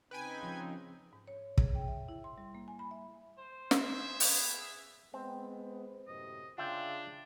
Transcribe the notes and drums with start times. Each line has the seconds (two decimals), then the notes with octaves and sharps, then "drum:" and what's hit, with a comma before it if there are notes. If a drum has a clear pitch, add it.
0.11 C#3 C4 D#4 B4 G5 G#5
0.43 F3 G#3 C#4
1.13 G#2
1.28 C#5
1.58 G#4, drum: kick
1.75 G5
1.88 E5
2.09 E4
2.24 C6
2.38 G3
2.55 A#3
2.68 G#5
2.79 B5
2.91 E5
3.38 C5
3.71 G#4 E5, drum: snare
4.20 B3, drum: open hi-hat
5.14 G#3 B3 C4
6.08 F#2 A2 C3 D#5
6.58 C#3 D4 F4 E5 G5